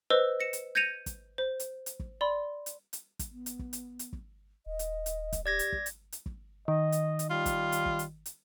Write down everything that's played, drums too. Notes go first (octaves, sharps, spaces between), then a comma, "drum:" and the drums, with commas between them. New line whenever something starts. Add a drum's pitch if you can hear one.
B4 C5 D#5 E6
A#6 C#7 E7
drum: hi-hat
G6 G#6 A#6 C#7 D#7 F7
drum: kick, hi-hat
C5
drum: hi-hat
drum: hi-hat
drum: kick
D5 B5 C6
drum: hi-hat
drum: hi-hat
drum: kick, hi-hat
B3
drum: hi-hat
drum: kick
drum: hi-hat
drum: hi-hat
drum: kick
D#1 D#5
drum: hi-hat
drum: hi-hat
drum: kick, hi-hat
G4 D5 G#6 A#6
drum: hi-hat
drum: kick
drum: hi-hat
drum: hi-hat
drum: kick
D#3 D#5
drum: hi-hat
drum: hi-hat
G3 F4
drum: kick, hi-hat
drum: hi-hat
drum: kick
drum: hi-hat
drum: hi-hat